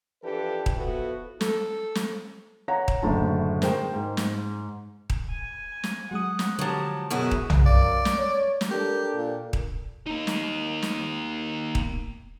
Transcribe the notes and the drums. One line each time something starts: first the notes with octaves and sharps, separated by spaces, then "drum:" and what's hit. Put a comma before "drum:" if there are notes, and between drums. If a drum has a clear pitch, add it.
E3 F3 D4 G4 A4 B4
drum: kick D#1
F3 B3 E4 F#4 A4 B4
A4, drum: snare
drum: snare
C#5 F#5 A#5
drum: kick D#1
F#1 A2 D3 A5
G#4 A#4 C5 G5, drum: snare
G#2
drum: snare
drum: kick D#1
G#5
drum: snare
F#3 G#3 F#5 D#6
drum: snare
D3 F3 F#3 G4 A5
F#2 B2 E4 F#4 G#4
drum: kick D#1
drum: tom
F#2 A#4 D5 F5
drum: snare
C#5
drum: snare
D4 G4 A4 A#4
A#2
drum: kick D#1
A#3 D#4
drum: snare
drum: snare
drum: kick D#1